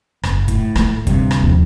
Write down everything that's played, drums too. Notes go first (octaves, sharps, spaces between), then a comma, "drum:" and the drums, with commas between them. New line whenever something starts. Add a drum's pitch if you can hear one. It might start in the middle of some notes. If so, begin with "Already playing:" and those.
F#1, drum: rim click
A2, drum: kick, hi-hat
A3 F4, drum: rim click
D1 G2 C3, drum: kick, hi-hat
drum: rim click
D#2 F3